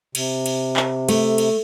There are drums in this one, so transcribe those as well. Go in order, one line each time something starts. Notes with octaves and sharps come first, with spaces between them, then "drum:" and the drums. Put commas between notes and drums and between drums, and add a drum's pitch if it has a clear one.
C3, drum: cymbal
drum: cymbal
drum: clap
A3, drum: cymbal
drum: cymbal